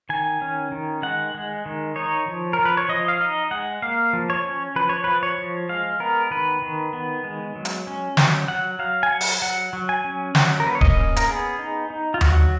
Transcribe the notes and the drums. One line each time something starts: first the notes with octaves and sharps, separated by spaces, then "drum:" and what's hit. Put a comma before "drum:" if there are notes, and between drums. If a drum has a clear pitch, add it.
D#3 G#5
C#4
D#3
G#3 F#5
G#3
D#3
D#4 C#5
F3
A#4
F3
B4
C#5
F3 D#5
F5
D#4 D#5
G#3 F#5
A#3 F5
F3
C#5
C#4
F3 B4
C#5
F3 B4
C#5
F3
G#3 F5
B3 A#4
D#3 B4
D#3
B3
G#3
F#3
drum: hi-hat
C#4
F#3, drum: snare
F#3 F#5
F#3 F5
G#5
F#3 F#5
drum: open hi-hat
F#3 F#5
F#3
G#5
C#4
F#3 F#5, drum: snare
A#4
A#3 B4
C#5
D#5, drum: kick D1
C#4
A#4, drum: hi-hat
B3 G#4
D#4
D#4
F4
F#3 F#4, drum: tom D#2